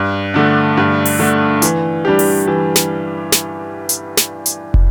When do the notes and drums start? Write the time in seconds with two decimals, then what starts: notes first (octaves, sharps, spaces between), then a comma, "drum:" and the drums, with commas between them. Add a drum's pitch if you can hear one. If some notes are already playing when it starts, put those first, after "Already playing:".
Already playing: G2
0.34 D3 A3 D4
0.77 G2
1.05 drum: open hi-hat
1.19 D3 A3 D4
1.62 E3, drum: hi-hat
2.05 G3 D4 G4
2.19 drum: open hi-hat
2.47 E3
2.76 drum: snare
3.32 drum: snare
3.89 drum: hi-hat
4.17 drum: snare
4.46 drum: hi-hat
4.74 drum: kick